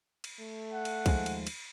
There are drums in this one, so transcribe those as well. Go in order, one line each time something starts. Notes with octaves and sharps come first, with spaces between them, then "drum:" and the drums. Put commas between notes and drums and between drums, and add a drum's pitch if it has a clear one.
drum: cymbal
A3
F#5
drum: cymbal
D#2 F3 G#3, drum: kick, cymbal
drum: cymbal
drum: cymbal